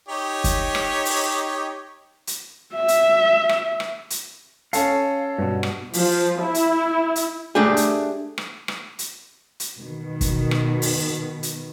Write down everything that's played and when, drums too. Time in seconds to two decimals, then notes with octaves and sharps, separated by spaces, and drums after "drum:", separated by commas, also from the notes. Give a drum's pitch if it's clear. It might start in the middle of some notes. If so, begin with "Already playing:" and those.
0.08 D#4 G4 C#5
0.44 drum: kick, hi-hat
0.75 drum: rim click
1.05 drum: open hi-hat
2.27 drum: hi-hat
2.74 E5
2.88 drum: hi-hat
3.49 drum: rim click
3.80 drum: rim click
4.10 drum: hi-hat
4.73 C#4 A4 F5, drum: hi-hat
5.38 G2 B2
5.63 drum: rim click
5.93 F3, drum: open hi-hat
6.40 E4
6.55 drum: hi-hat
7.16 drum: hi-hat
7.55 A3 D4 G4 G#4
7.77 drum: hi-hat
8.38 drum: rim click
8.68 drum: rim click
8.99 drum: hi-hat
9.60 drum: hi-hat
9.77 B2 D#3
10.21 drum: kick, hi-hat
10.51 drum: rim click
10.82 drum: open hi-hat
11.43 drum: hi-hat